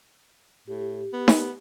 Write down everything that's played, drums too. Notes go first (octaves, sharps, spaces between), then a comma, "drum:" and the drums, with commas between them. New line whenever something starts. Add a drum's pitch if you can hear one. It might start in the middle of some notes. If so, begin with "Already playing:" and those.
A2 G4
B3
drum: snare D#4